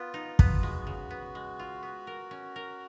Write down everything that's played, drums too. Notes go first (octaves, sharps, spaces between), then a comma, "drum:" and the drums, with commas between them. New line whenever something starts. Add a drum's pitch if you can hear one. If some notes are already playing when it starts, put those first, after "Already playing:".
Already playing: B3 F4
D#4
B3, drum: kick
G#3 F#4
C#3
B3
G#3
F4
B3
A#4
C#4
A#4